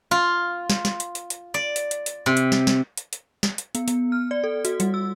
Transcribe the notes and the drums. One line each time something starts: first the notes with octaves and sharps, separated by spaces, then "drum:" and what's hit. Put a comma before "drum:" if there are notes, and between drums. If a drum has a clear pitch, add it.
F4
drum: snare
drum: snare
drum: hi-hat
drum: hi-hat
drum: hi-hat
D5
drum: hi-hat
drum: hi-hat
drum: hi-hat
C3
drum: hi-hat
drum: snare
drum: snare
drum: hi-hat
drum: hi-hat
drum: snare
drum: hi-hat
B3, drum: hi-hat
B3, drum: hi-hat
F6
D5
A4
F#4, drum: hi-hat
G3, drum: hi-hat
E6